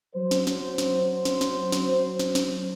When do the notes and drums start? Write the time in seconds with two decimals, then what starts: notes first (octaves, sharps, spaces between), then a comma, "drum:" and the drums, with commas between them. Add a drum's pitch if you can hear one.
0.16 F#3 C5
0.31 drum: snare
0.47 drum: snare
0.78 drum: snare
1.25 drum: snare
1.41 drum: snare
1.72 drum: snare
2.19 drum: snare
2.35 drum: snare